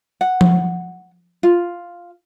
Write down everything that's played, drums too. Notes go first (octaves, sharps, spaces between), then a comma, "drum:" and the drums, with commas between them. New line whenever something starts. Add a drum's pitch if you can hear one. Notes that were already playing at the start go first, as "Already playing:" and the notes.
F#5
drum: tom F3
F4